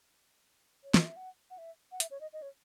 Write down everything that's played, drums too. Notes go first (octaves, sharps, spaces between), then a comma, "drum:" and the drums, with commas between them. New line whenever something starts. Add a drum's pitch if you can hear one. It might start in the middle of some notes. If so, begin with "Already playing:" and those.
C#5
D#5, drum: snare
E5
F#5
F#5
E5
F#5
E5, drum: hi-hat
C#5
D#5
D#5
C#5